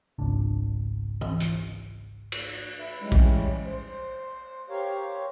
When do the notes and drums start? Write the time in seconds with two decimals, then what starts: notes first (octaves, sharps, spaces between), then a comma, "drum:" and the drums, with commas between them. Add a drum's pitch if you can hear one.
0.19 G#1 C#2 D4
1.21 drum: tom
1.40 drum: hi-hat
2.32 drum: cymbal
2.77 B4 E5
3.01 E3 G3 G#3 C#4
3.12 drum: kick A#1
3.65 C5
4.69 G4 A#4 C5 C#5 F5